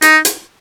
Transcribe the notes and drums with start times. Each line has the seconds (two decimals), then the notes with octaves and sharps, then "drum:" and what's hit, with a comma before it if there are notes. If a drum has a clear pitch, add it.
0.02 D#4, drum: hi-hat
0.25 drum: hi-hat